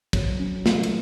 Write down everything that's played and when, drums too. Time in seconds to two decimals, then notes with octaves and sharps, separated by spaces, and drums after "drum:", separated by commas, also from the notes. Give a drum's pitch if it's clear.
0.13 F#3, drum: kick, cymbal
0.40 C#4
0.66 A3, drum: snare
0.83 drum: cymbal